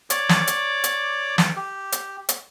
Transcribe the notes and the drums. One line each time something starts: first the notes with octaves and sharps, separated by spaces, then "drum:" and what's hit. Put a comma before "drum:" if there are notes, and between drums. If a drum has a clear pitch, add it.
C#5 D5 D6, drum: hi-hat
drum: snare
drum: hi-hat
drum: hi-hat
drum: snare
G4
drum: hi-hat
drum: hi-hat